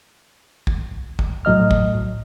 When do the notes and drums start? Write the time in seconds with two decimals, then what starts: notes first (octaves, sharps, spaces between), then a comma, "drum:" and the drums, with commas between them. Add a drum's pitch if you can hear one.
0.67 drum: kick
1.19 drum: kick
1.45 A2 F#3 D#5 F6
1.71 drum: kick